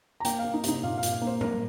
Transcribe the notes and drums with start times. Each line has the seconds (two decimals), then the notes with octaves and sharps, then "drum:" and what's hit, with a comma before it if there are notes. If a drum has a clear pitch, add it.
0.20 A#5
0.25 A#3 G5, drum: hi-hat
0.39 F5
0.44 A#3
0.54 D#4
0.64 C3 D#4, drum: hi-hat
0.83 A#2 F5
0.98 F5
1.03 A#2, drum: hi-hat
1.12 F5
1.22 A#3
1.27 C5
1.41 A#3 A#4, drum: tom A2